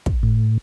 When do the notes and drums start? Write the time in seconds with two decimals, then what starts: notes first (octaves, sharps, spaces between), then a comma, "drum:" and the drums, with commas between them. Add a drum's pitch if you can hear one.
0.06 drum: kick
0.23 A2